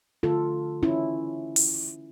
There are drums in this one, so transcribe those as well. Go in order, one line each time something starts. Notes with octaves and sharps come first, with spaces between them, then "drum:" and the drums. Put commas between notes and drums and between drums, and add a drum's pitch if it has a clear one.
D3 A3 F4 A4
C#4 E4
drum: open hi-hat